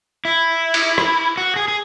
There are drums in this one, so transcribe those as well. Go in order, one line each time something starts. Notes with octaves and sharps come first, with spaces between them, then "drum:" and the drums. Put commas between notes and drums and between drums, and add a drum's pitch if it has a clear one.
E4
drum: cymbal
drum: rim click
F#4
G#4
G#4